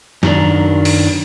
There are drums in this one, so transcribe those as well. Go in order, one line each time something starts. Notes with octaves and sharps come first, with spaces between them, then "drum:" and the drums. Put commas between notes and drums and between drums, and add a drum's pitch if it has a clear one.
F#2 D#3 F#3 D4, drum: snare
drum: open hi-hat